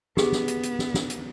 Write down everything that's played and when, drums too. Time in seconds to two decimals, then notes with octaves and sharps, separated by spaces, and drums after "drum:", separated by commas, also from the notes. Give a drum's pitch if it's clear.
0.17 B3 G4 G#4, drum: snare
0.32 drum: snare
0.48 drum: hi-hat
0.63 drum: hi-hat
0.79 drum: snare
0.94 drum: snare
1.10 drum: hi-hat